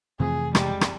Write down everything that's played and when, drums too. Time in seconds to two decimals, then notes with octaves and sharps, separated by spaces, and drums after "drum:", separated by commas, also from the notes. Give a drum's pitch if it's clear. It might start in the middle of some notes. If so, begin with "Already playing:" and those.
0.20 F2 C3 E3 A3 G#4
0.55 G3 G#3 G4, drum: rim click
0.81 drum: rim click